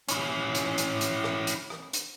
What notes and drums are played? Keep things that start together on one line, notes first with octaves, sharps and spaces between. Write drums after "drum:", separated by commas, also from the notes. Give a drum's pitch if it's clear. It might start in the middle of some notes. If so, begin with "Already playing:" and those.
E3 C#4, drum: hi-hat
drum: hi-hat
drum: hi-hat
drum: hi-hat
drum: rim click
drum: hi-hat
drum: rim click
drum: hi-hat